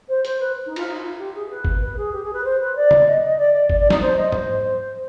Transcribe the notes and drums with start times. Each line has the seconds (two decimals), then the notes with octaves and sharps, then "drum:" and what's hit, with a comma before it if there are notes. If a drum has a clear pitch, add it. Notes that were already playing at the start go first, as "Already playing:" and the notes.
0.09 C5
0.25 C5, drum: hi-hat
0.40 B4
0.66 D#4
0.76 F4, drum: cymbal
0.87 D#4
1.03 F4
1.18 G4
1.34 G#4
1.50 B4
1.65 drum: kick G1
1.81 B4
1.97 G#4
2.13 G4
2.23 G#4
2.33 B4
2.44 C5
2.60 B4
2.76 D5
2.91 drum: tom
3.07 D#5
3.23 D#5
3.38 D5
3.54 D5
3.70 D5, drum: kick G1
3.80 D5
3.90 D#4, drum: snare
4.01 C5
4.17 D#5
4.32 C5, drum: tom